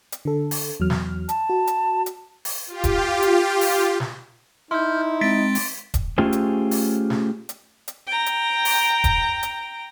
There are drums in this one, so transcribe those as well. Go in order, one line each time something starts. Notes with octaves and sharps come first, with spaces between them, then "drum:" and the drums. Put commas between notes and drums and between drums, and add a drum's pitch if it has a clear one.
drum: hi-hat
D3 A4
drum: open hi-hat
E2 F#3 F6
drum: snare
A5, drum: hi-hat
F#4
drum: hi-hat
drum: hi-hat
drum: open hi-hat
F4 G4
drum: kick D#1, hi-hat
drum: hi-hat
drum: open hi-hat
drum: snare
D#4 E4 C6 F6 G6
G#3 C4 A6 B6 D7
drum: open hi-hat
drum: kick D#1, hi-hat
A3 C#4 F4 G4 G#4 C5
drum: hi-hat
drum: open hi-hat
drum: snare
drum: hi-hat
drum: hi-hat
G5 A#5
drum: hi-hat
drum: open hi-hat
drum: kick D#1, hi-hat
drum: hi-hat